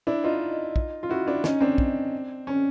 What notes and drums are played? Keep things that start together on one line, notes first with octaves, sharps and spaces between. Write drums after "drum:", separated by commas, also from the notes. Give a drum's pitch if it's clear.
D4 E4
D#4 F4
drum: kick
F4
E4 F#4
D4 E4
C#4 D#4, drum: snare
C4 D4
drum: kick
C#4